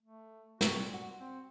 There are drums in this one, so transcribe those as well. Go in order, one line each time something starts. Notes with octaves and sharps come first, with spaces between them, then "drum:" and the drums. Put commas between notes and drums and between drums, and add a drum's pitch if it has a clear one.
A3
C3 E3 G3 F#4, drum: snare
A#2
F#4
C4